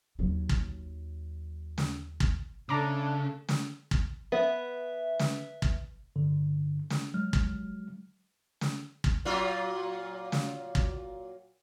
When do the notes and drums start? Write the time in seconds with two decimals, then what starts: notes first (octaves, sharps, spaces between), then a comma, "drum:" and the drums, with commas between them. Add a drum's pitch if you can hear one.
0.19 D#2 F#3
0.49 drum: kick
1.78 drum: snare
2.20 drum: kick
2.69 C#3 A3 D4 A4 A5 A#5 D6
3.49 drum: snare
3.91 drum: kick
4.32 B3 E5
5.19 drum: snare
5.62 drum: kick
6.16 G2 D3
6.90 drum: snare
7.14 F#3 G#3 F6
7.33 drum: kick
8.61 drum: snare
9.04 drum: kick
9.25 A#2 F#3 F4
10.32 drum: snare
10.75 drum: kick